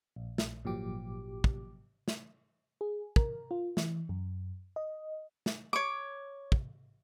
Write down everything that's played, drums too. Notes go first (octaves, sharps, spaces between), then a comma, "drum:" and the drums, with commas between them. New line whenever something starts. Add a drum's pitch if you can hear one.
A#1
drum: snare
G#1 A#2 F3 F#3 G4 D6
drum: kick
drum: snare
G#4
A#4, drum: kick
F4
E3, drum: snare
F#2
D#5
drum: snare
C#5 D6
drum: kick